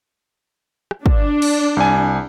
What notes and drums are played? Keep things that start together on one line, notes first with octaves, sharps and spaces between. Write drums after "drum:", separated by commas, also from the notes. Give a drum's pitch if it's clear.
drum: rim click
D4, drum: kick
drum: cymbal
C2 G#5